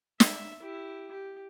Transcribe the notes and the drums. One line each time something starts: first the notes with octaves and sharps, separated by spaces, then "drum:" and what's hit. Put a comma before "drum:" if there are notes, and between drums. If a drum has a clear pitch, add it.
E5, drum: snare
E4 G4
G4